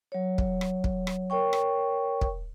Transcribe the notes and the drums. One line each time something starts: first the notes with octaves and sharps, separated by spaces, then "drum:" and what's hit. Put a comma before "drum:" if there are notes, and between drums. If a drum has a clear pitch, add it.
F#3 C#5
drum: kick
drum: rim click
drum: kick
drum: rim click
A#4 C#5 G5 C#6
drum: rim click
drum: kick